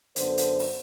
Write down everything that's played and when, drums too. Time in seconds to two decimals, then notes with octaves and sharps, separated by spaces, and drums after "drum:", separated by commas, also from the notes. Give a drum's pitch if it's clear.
0.16 F#2 D3 B3 A4 C5, drum: hi-hat
0.37 drum: hi-hat
0.59 drum: open hi-hat